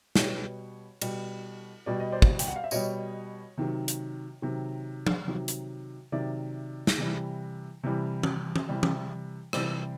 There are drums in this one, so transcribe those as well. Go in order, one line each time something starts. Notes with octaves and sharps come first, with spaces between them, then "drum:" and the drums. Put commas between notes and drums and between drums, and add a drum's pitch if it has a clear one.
B2 G3 B4 C#5, drum: snare
B2 G3, drum: cymbal
B2 G3 D5
D#5
C5 D5
drum: kick
G5, drum: hi-hat
F#5
F5
E5
B2 G3 C#5 D#5, drum: tambourine
C3 D#3 F#3
drum: hi-hat
C3 D#3 F#3
drum: tom F3
C3 D#3 F#3
drum: hi-hat
C3 D#3 F#3 D5 E5
drum: snare
C3 E3 G3
C3 E3 G3
drum: tom E3
drum: tom E3
C3 E3 G3
drum: tom E3
C3 E3 G3 C5 D5, drum: rim click